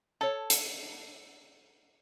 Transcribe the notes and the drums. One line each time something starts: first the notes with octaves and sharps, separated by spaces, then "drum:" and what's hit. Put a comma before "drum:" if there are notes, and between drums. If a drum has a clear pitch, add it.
A4 C#5 A5
drum: hi-hat